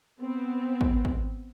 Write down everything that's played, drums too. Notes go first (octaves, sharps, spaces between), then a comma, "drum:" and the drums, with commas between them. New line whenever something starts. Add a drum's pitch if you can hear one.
B3 C4
drum: kick
drum: kick